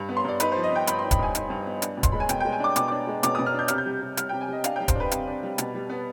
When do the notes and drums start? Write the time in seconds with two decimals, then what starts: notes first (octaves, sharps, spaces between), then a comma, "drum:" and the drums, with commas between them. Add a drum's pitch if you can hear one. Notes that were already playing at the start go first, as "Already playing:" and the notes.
Already playing: G2
0.09 B3
0.17 C6
0.24 G2 D5
0.40 D#4 B4, drum: hi-hat
0.52 C5
0.56 F3
0.63 D#5
0.71 B3 G5
0.87 G2 B5, drum: hi-hat
0.99 C6
1.03 D#4
1.11 B5, drum: kick, hi-hat
1.19 G2 G#5
1.35 D#4, drum: hi-hat
1.50 G2
1.66 B3
1.82 D4, drum: hi-hat
1.97 B2
2.03 C6, drum: kick, hi-hat
2.12 G#3 B5
2.20 G#5
2.29 B2 G5, drum: hi-hat
2.40 G5
2.45 G#3
2.52 G#5
2.60 D4 D6
2.76 B2 D6, drum: hi-hat
2.88 D6
2.92 D4
3.07 G#3
3.23 B2 D6, drum: hi-hat
3.35 D#6
3.39 B2
3.46 F6
3.54 D4 G6
3.68 C3 F6, drum: hi-hat
3.78 G6
3.86 G3
4.02 C3
4.17 G3 F6, drum: hi-hat
4.29 G5
4.33 C3
4.41 G#5
4.48 G3 D#5
4.64 D4 F5, drum: hi-hat
4.76 G5
4.80 G3
4.88 C5, drum: kick, hi-hat
4.95 D4 B4
5.11 C3, drum: hi-hat
5.27 D4
5.43 G3
5.58 B2, drum: hi-hat
5.74 G3
5.89 B3